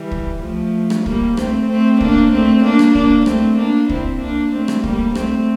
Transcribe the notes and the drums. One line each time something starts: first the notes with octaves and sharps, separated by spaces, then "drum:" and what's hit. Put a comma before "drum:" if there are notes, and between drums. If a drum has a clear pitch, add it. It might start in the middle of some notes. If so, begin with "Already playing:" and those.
Already playing: E3 G3
drum: kick
F3 A3
drum: rim click
G3 A#3, drum: kick
A3 C4, drum: rim click
A3 C4
A#3 D4, drum: kick
A3 C4
A#3 D4
drum: rim click
A#3 D4, drum: kick
A3 C4, drum: rim click
A#3 D4
C4 E4, drum: kick
A#3 D4
A3 C4
drum: rim click
G3 A#3, drum: kick
A3 C4, drum: rim click